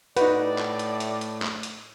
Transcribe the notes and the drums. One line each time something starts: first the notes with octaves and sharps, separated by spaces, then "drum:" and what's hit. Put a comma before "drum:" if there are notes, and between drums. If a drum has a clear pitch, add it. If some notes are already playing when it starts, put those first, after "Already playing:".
A2 D#4 F#4 B4 D5, drum: hi-hat
drum: clap
drum: hi-hat
drum: hi-hat
drum: hi-hat
drum: clap
drum: hi-hat